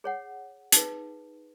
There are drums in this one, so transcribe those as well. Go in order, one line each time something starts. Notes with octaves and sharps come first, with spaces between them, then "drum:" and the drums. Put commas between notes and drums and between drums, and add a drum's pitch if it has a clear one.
G#4 C#5 F#5
D#4 G#4 B4, drum: hi-hat